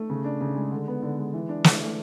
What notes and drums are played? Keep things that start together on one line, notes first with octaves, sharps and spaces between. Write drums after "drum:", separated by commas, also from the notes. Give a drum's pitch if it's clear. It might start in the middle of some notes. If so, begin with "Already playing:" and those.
Already playing: A3
C#3
D4
C#3
G#3
D3
B3
D3
G#3
E3
D4
E3, drum: snare
A3